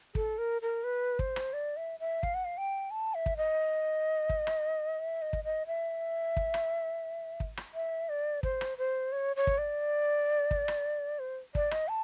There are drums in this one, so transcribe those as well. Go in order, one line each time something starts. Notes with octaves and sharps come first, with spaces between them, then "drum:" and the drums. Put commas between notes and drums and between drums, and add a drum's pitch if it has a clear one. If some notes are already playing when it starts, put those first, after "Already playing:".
A4, drum: kick
A#4
A#4
B4
C5, drum: kick
drum: rim click
D5
E5
E5
F5, drum: kick
F#5
F5
G5
A5
E5
drum: kick
D#5
drum: kick
drum: rim click
E5
D#5
drum: kick
D#5
E5
drum: kick
drum: rim click
drum: kick
drum: rim click
E5
D5
C5, drum: kick
drum: rim click
C5
C#5
C#5
drum: kick
D5
drum: kick
drum: rim click
C5
D5, drum: kick
D#5, drum: rim click
A5